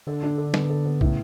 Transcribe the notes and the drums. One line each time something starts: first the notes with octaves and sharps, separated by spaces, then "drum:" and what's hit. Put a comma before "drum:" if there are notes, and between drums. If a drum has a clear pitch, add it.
D3 A4
D4
A4
B3, drum: snare
A4
B3
A2 C#3, drum: kick